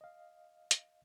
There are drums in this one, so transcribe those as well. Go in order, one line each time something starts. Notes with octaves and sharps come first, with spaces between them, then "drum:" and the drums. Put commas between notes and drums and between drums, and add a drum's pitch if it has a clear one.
D#5 F5
drum: hi-hat